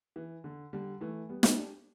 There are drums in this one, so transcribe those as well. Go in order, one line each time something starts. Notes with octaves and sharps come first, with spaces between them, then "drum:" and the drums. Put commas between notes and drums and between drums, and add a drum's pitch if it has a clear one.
E3
D3
D3 G3
E3 A3
G3 B3
B3 E4, drum: snare
D4 G4